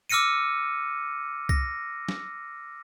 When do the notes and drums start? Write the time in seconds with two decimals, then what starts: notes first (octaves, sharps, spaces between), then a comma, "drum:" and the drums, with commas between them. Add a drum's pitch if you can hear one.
0.10 D6 E6 F6 A#6 C#7 D#7
1.49 A#6, drum: kick
2.09 drum: snare